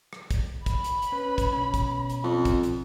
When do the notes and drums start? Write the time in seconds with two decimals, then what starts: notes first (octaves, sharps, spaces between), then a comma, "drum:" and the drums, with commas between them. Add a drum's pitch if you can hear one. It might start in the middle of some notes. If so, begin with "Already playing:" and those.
0.13 drum: rim click
0.31 drum: kick, hi-hat
0.66 B5, drum: kick, hi-hat
0.84 drum: hi-hat
1.02 drum: hi-hat
1.12 C#4 B4
1.38 drum: kick, hi-hat
1.53 B2 C#4
1.74 drum: kick, hi-hat
2.10 drum: hi-hat
2.24 F2
2.45 drum: kick, hi-hat
2.63 drum: hi-hat